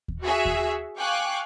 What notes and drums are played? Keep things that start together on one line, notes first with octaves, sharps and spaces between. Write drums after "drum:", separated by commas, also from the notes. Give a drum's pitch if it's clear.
drum: kick D#2
F#4 G#4 E5
drum: kick D#2
F5 G5 G#5 C#6 D6 F#6